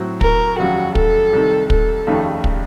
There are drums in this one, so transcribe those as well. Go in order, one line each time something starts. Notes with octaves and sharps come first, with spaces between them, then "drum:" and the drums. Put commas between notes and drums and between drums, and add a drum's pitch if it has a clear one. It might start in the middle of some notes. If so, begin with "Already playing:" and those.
Already playing: A2 F#3 C4 F#4
A#4, drum: kick
F1 D#2 C#3 F#3 F#4
A4, drum: kick
C2 C3 D#3
A4, drum: kick
F1 D#2 C#3 A3 D#4
drum: kick